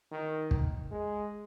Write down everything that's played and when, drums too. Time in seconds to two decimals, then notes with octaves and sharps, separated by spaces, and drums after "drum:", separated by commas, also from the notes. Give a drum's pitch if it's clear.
0.11 D#3
0.51 drum: kick
0.91 G#3